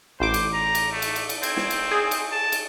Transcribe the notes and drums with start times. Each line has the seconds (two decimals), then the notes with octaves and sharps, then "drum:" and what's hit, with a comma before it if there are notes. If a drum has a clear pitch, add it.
0.20 A1 C5 D6
0.34 drum: cymbal
0.54 A#5
0.75 drum: cymbal
0.92 A3
1.02 drum: cymbal
1.16 drum: cymbal
1.29 drum: cymbal
1.43 C4 G#6, drum: cymbal
1.57 drum: snare
1.70 drum: cymbal
1.91 G#4
2.11 drum: cymbal
2.32 A5
2.52 drum: cymbal